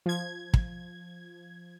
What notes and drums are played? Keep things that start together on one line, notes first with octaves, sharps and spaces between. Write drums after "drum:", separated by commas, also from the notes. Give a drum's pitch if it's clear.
F3 G#6
drum: kick